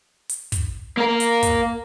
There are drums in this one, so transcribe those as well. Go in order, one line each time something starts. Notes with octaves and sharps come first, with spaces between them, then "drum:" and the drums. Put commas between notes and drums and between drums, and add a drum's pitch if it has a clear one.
drum: hi-hat
drum: kick, hi-hat
A#3 A#4
drum: hi-hat
drum: kick, hi-hat